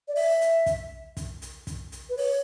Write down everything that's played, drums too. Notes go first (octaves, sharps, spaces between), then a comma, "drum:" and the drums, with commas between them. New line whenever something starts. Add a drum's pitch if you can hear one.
D5
E5, drum: open hi-hat
drum: hi-hat
drum: kick, hi-hat
drum: kick, hi-hat
drum: hi-hat
drum: kick, hi-hat
drum: hi-hat
B4
C#5, drum: open hi-hat